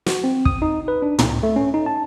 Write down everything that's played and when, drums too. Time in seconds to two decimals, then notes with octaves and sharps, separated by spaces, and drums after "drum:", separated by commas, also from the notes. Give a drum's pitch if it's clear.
0.06 F#4, drum: snare
0.24 C4
0.45 D#6, drum: kick
0.62 D#4
0.88 B4
1.02 D4
1.19 C#2, drum: tom
1.43 A3
1.56 C#4
1.74 D#4
1.86 A5